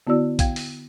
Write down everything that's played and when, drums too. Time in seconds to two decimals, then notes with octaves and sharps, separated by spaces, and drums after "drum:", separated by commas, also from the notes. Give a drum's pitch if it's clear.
0.07 D3 B3 E4 F#4 D5 E6
0.39 F5 G5 G#6, drum: kick A#1, hi-hat
0.56 drum: open hi-hat